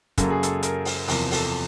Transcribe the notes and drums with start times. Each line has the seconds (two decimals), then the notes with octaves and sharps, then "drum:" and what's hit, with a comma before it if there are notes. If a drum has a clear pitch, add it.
0.18 F#2 C#3 F#3 A#3 A4, drum: kick, hi-hat
0.30 G#4
0.43 A4, drum: hi-hat
0.63 A#4, drum: hi-hat
0.85 drum: open hi-hat
1.08 E2 C3 F3 A#4, drum: open hi-hat
1.31 A4, drum: open hi-hat